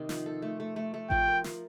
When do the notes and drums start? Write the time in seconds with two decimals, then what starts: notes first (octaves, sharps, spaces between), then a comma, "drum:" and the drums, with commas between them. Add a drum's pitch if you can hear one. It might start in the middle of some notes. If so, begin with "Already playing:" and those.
Already playing: C3 D#3 A#3 D#4
0.09 F3, drum: snare
0.26 A4
0.42 A3
0.60 A3
0.76 A3
0.94 A3
1.10 F3 G5, drum: kick A1
1.28 A#4
1.44 F3, drum: snare